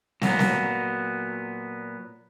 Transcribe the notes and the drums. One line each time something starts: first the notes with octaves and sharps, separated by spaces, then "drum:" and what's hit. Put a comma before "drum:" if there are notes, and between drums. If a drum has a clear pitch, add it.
A#2 F#3 B3, drum: snare
drum: snare